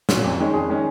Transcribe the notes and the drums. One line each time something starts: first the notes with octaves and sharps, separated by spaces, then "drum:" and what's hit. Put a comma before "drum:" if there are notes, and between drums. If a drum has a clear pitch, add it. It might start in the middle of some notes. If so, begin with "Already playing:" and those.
A#2 F#3 C#4, drum: snare
F2
D#3 G#3 C#4
F2 G#4
D#3 G#3 C#4